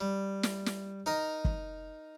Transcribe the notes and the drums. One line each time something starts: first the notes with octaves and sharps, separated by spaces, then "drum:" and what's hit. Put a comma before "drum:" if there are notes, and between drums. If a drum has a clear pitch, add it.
G3
drum: snare
drum: snare
D#4 A#4 D#5
drum: kick